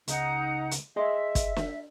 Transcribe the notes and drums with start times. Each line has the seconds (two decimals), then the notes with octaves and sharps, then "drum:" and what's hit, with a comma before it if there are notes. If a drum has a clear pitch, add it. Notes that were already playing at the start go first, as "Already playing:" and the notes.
0.08 C#2 D#4 F#5 A#5, drum: hi-hat
0.71 drum: hi-hat
0.96 G#4 D#5 E5 C6
1.35 drum: kick, hi-hat
1.56 drum: snare